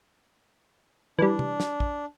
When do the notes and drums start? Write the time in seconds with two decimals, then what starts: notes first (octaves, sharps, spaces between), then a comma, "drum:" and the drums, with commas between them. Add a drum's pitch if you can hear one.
1.19 E3 G3 D4
1.39 drum: tom C3
1.60 drum: snare
1.80 drum: kick